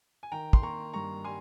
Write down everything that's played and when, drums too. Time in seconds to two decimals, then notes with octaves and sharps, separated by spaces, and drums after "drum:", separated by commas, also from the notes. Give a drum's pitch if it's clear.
0.23 G#5
0.32 D#3 G5 A#5
0.53 C6, drum: kick
0.62 A#3 A#5 C#6
0.93 G2 A#5 C#6
1.25 G3 G#5 C6